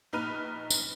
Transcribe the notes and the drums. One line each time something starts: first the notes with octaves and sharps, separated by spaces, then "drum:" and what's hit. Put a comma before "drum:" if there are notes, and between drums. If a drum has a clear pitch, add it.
A#1 D#4 B4 F6 D#7
drum: tambourine